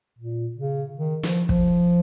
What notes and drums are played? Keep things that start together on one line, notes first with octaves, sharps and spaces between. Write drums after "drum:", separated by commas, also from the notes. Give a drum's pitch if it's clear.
A#2
C#3
D#3
F3, drum: snare
F3, drum: kick